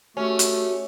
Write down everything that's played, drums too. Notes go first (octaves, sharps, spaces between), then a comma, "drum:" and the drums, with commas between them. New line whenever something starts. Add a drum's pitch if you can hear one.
A3 C#4 F#4 G4
drum: hi-hat